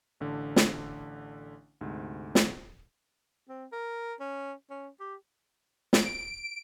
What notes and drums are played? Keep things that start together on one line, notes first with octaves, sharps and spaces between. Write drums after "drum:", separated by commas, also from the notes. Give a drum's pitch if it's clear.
A1 D3
drum: snare
D2 G#2 C3
drum: snare
C4
A#4
C#4
C#4
G4
D7, drum: snare